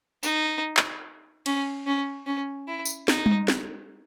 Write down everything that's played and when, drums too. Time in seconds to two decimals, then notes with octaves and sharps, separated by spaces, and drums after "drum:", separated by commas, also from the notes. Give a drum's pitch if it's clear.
0.23 D#4, drum: tambourine
0.77 drum: clap
1.46 C#4, drum: cymbal
1.86 C#4
2.26 C#4
2.68 E4
2.85 drum: tambourine
3.08 D#4, drum: snare
3.26 drum: tom G3
3.48 drum: snare